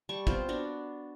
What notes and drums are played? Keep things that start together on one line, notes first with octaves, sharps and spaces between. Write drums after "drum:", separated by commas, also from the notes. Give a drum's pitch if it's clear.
G3 A5 C#6
B3 C4 F4 C5, drum: kick
B3 D4 F#4